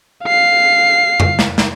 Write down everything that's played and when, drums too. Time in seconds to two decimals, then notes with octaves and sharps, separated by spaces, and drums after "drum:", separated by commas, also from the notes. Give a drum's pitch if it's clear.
0.24 F5 C7
1.20 drum: tom F2
1.39 drum: snare
1.58 drum: snare